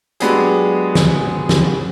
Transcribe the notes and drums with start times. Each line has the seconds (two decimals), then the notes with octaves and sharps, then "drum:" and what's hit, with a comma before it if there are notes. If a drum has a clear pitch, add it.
0.20 F#3 G#3 B3 D4 G4 G#4, drum: hi-hat
0.95 drum: snare
1.49 drum: snare